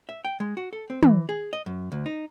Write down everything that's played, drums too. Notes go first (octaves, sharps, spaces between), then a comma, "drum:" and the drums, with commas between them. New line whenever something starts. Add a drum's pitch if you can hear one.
E5
G5
G#3
F#4
A4
C4
E3, drum: tom
G#4
D#5
F#2
D2
D#4